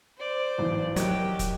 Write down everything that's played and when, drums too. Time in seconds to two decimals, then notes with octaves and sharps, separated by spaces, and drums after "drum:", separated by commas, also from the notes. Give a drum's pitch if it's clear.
0.17 C5 D5
0.58 B1 E2 E3
0.96 F#3 G4 A#4 D#5 F#6, drum: hi-hat
1.39 drum: kick, hi-hat